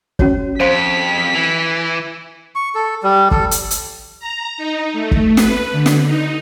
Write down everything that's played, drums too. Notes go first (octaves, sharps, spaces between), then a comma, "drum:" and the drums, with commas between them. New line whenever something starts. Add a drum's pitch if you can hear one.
C#4 F#4 C#5, drum: kick G1
F2 C5 F5 C6 B6
E3
C#6
A4
G3
A4, drum: kick G1
drum: hi-hat
drum: hi-hat
A#5
D#4
A3
drum: kick G1
B4, drum: snare
D3
drum: snare
D#4